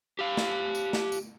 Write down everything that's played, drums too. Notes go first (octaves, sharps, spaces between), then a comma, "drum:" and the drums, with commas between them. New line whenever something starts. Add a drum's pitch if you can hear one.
G4 F5
drum: snare
drum: tambourine
drum: snare
drum: tambourine